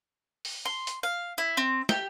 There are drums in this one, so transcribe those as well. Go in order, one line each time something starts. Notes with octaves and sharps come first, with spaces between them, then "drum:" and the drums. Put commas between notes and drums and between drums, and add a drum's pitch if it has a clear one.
drum: open hi-hat
C6
drum: hi-hat
F5
E4
C4
G4, drum: snare